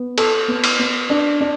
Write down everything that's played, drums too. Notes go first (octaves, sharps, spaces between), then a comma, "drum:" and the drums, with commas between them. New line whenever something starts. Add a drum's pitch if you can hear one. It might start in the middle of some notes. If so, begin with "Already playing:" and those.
Already playing: B3
A4, drum: cymbal
B3
drum: cymbal
B3
D4
D4